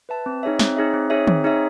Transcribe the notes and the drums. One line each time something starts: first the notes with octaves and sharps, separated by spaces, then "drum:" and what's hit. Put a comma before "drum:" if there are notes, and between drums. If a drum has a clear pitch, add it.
B4 E5 A5
C4
D#4 G#4 C#5 E5
C4, drum: snare
D#4 G#4 C#5 E5
C4
D#4 G#4 C#5 E5
C4, drum: tom
D#4 G#4 C#5 E5